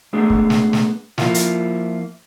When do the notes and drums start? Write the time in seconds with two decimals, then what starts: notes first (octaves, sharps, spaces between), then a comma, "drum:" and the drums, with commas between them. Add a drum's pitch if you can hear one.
0.13 G#3 A3 B3 D4 G#4
0.30 drum: kick
0.50 drum: snare
0.73 drum: snare
1.18 F3 A#3 E4 F4, drum: snare
1.34 drum: hi-hat